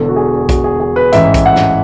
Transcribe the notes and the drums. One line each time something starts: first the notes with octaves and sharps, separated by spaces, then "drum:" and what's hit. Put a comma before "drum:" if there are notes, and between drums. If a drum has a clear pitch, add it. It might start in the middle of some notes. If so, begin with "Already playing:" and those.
Already playing: E1 E2 D3 A4
F#4
G#4
F#4, drum: kick A#1, hi-hat
G#4
G#4
B4
A1 G#2 E3 E5, drum: hi-hat
drum: kick A#1, hi-hat
F#5
drum: snare